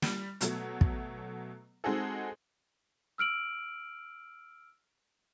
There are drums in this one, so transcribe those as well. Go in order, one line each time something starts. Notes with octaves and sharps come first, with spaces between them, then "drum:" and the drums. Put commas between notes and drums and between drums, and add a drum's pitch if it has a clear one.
G3, drum: snare
B2 F#3 A3, drum: hi-hat
drum: kick
G#3 C4 D#4 F#4 G#4 A4
E6 F6 D7 F#7